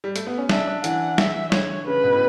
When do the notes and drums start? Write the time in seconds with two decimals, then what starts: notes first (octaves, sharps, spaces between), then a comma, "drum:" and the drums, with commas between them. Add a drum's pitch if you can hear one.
0.04 G3
0.16 A3, drum: hi-hat
0.27 B3
0.38 C#4
0.49 D4 E5, drum: snare
0.67 D4
0.84 E3 F#5, drum: hi-hat
1.18 E5, drum: snare
1.52 D3 C#5, drum: snare
1.87 C#3 B4
2.04 B2
2.13 A2